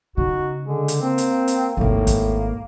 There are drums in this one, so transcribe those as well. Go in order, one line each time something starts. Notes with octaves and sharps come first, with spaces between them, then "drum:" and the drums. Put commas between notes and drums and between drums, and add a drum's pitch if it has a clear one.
C#3 D#4 F#4
D3 G#3
drum: hi-hat
A#3 C4
drum: hi-hat
drum: hi-hat
G#1 D#2 A2 A#3
drum: kick, hi-hat